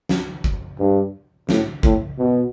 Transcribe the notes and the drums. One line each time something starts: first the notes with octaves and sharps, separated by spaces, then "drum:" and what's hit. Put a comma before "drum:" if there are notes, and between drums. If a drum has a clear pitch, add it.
drum: snare
drum: kick
G2
A2, drum: snare
A2, drum: kick
B2